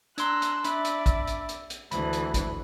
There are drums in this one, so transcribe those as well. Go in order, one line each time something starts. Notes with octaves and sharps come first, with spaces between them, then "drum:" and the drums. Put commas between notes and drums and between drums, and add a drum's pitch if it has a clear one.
D4 A#5 C6 E6 F#6, drum: hi-hat
drum: hi-hat
D4 D5 E5 B5, drum: hi-hat
drum: hi-hat
drum: kick, hi-hat
drum: hi-hat
drum: hi-hat
drum: hi-hat
D2 E3 B5, drum: hi-hat
drum: hi-hat
drum: kick, hi-hat